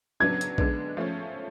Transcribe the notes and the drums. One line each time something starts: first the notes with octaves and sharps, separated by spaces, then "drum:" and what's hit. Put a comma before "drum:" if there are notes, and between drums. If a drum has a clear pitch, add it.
C#3 F#3 B3 D4 G#6
drum: hi-hat
D3 G#3 B3 D4, drum: kick
F3 A3 C#4